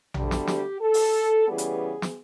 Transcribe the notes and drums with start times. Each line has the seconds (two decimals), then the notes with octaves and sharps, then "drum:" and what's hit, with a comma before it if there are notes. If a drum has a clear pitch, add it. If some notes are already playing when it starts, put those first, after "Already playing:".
0.14 D2 D3 G3, drum: tom A#1
0.31 drum: snare
0.47 G4, drum: snare
0.80 A4
0.94 drum: open hi-hat
1.47 C#3 E3 G3 B3 G#4
1.58 drum: hi-hat
2.02 drum: snare